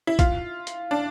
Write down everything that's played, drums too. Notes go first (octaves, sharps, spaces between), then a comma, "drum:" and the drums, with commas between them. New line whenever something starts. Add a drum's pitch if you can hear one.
E4
F4, drum: kick, hi-hat
drum: hi-hat
D4